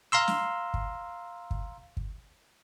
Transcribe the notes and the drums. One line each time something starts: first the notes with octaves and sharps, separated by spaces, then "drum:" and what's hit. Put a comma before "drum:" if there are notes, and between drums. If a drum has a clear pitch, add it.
F5 A#5 C6 E6
drum: snare
drum: kick
drum: kick
drum: kick